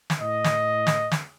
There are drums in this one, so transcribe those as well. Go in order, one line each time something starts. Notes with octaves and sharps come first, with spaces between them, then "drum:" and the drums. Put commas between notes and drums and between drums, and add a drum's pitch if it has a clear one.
drum: snare
A2 D#5
drum: snare
drum: snare
drum: snare